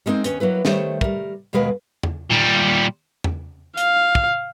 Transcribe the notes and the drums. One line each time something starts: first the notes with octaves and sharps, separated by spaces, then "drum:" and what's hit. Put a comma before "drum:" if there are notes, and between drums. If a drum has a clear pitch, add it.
G3 G#3 A#3 C4 D#4
D#2 C#4 B4, drum: hi-hat
F#3 A#3 E4 B4
D#3 G3 A3 C5 C#5, drum: snare
G3 A#4, drum: kick
D#2 B2 G#3 A#4 B4 F5
drum: tom E2
A#2 G3
drum: tom E2
F5, drum: hi-hat
drum: kick